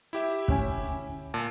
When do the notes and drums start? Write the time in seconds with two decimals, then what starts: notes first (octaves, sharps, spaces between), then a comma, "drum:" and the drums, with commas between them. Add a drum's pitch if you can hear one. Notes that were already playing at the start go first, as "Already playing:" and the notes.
0.13 E4 G4 E5
0.48 D2 C#4 G#5, drum: kick
1.34 A#2 A5